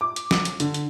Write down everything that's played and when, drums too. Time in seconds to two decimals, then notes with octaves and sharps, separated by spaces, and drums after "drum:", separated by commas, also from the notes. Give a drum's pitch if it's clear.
0.01 D6
0.16 drum: hi-hat
0.31 drum: snare
0.45 drum: hi-hat
0.60 D3, drum: hi-hat
0.74 drum: hi-hat